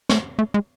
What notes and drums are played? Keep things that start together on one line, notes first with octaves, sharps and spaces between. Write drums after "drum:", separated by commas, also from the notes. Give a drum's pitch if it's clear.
A3, drum: snare
A3
G#3